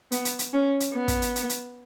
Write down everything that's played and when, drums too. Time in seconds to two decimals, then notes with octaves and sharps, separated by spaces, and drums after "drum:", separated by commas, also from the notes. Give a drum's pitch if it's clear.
0.12 B3, drum: hi-hat
0.25 drum: hi-hat
0.39 drum: hi-hat
0.53 C#4
0.80 drum: hi-hat
0.94 B3
1.08 drum: kick, hi-hat
1.22 drum: hi-hat
1.36 drum: hi-hat
1.49 drum: hi-hat